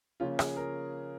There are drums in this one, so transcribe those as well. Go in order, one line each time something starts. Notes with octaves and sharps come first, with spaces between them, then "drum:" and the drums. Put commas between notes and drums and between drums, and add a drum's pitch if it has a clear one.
C#3 F3 A#3 C#4 F4
G#4, drum: rim click
A#4